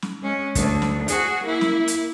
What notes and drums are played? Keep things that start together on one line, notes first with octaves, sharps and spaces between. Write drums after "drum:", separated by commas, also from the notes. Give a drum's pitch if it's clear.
drum: snare
G#3 C#4
D2, drum: kick, hi-hat
drum: snare
F#4 G#4, drum: hi-hat
A#3 E4
drum: snare
drum: hi-hat